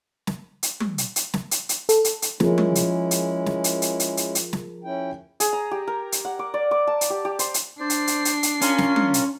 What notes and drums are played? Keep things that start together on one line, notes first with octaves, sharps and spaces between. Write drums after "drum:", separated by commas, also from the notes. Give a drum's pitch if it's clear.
drum: snare
drum: hi-hat
drum: tom
drum: hi-hat
drum: hi-hat
drum: snare
drum: hi-hat
drum: hi-hat
A4, drum: hi-hat
drum: hi-hat
drum: hi-hat
F3 G#3 C#4 E4 G#4 A#4, drum: snare
drum: tom
drum: hi-hat
drum: hi-hat
drum: snare
drum: hi-hat
drum: hi-hat
drum: hi-hat
drum: hi-hat
drum: hi-hat
drum: snare
C#4 E4 G5
G#4, drum: hi-hat
A#5
G4
A#4
drum: hi-hat
F#5
D6
D5
D6
A5
drum: hi-hat
G4
G4
C5, drum: hi-hat
drum: hi-hat
D4 C5 D5 C7
drum: hi-hat
drum: hi-hat
drum: hi-hat
drum: hi-hat
C#4 F4 A#4, drum: hi-hat
drum: snare
drum: tom
drum: hi-hat